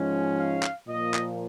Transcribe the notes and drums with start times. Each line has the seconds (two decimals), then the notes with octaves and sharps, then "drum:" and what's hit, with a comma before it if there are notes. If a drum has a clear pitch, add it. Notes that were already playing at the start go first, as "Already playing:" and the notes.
Already playing: G#2 F3 G#3 C#4
0.38 F5
0.63 drum: clap
0.88 A#2 F3 A#3 D#5
1.14 drum: clap